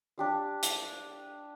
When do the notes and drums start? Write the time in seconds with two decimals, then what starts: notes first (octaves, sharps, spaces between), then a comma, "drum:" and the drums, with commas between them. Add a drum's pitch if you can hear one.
0.18 D4 G4 F5
0.63 drum: hi-hat